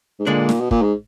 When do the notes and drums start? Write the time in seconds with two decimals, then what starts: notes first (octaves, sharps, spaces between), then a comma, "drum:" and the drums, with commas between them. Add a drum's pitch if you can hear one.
0.20 G#2
0.27 A#2 D3 G#3 D4
0.49 drum: snare
0.60 B2
0.71 A#2, drum: kick
0.82 G#2